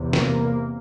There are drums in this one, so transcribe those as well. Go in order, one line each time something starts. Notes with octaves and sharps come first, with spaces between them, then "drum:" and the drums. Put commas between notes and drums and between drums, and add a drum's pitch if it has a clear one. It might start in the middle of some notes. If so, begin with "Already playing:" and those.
Already playing: E2 C3
A#3, drum: snare